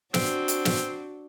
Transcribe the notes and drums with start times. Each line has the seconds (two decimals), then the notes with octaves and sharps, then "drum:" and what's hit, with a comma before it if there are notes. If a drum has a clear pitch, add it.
0.14 C4 D4 F#4, drum: snare
0.48 drum: hi-hat
0.65 drum: snare